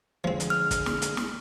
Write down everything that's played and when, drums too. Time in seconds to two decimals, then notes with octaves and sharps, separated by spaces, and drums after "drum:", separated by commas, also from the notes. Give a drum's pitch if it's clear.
0.24 D3 F3 G#3 C4
0.40 drum: hi-hat
0.50 F6
0.71 drum: kick, hi-hat
0.86 drum: snare
1.02 drum: hi-hat
1.17 drum: snare